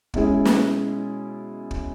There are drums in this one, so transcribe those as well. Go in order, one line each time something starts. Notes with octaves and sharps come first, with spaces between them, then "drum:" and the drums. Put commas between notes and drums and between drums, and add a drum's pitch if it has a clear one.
B2 G#3 C#4 E4 G#4, drum: kick
drum: snare
drum: kick